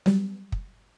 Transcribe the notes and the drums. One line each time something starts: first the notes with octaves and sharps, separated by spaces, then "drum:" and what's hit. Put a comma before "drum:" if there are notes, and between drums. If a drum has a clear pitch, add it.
F#3 G3, drum: snare
drum: kick